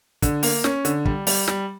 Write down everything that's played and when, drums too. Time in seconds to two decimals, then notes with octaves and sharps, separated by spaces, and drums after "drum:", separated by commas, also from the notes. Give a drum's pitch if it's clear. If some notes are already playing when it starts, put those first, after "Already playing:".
0.22 D3, drum: kick, hi-hat
0.43 A#3, drum: open hi-hat
0.64 C#4, drum: snare
0.85 D3, drum: hi-hat
1.05 G3, drum: kick
1.27 G3, drum: open hi-hat
1.48 G3, drum: snare